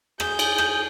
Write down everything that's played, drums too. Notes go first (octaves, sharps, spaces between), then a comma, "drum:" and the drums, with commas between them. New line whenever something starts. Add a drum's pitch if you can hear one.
G#4 G6, drum: rim click
drum: cymbal
drum: rim click